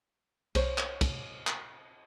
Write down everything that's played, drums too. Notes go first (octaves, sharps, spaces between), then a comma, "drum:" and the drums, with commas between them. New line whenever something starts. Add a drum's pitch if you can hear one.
C2 C5 C#5, drum: cymbal
drum: clap
drum: kick, cymbal
drum: clap